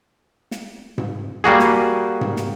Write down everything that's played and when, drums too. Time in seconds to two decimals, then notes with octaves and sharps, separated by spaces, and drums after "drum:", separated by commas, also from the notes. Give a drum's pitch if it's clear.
0.51 drum: snare
0.98 drum: tom G#2
1.44 G3 A#3 F#4 G#4
1.59 drum: snare
2.21 drum: tom G#2
2.37 drum: snare